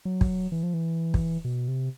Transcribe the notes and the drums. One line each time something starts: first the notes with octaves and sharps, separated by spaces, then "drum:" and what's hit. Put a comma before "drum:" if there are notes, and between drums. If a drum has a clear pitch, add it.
F#3
drum: kick
E3
F3
E3
drum: kick
B2
C3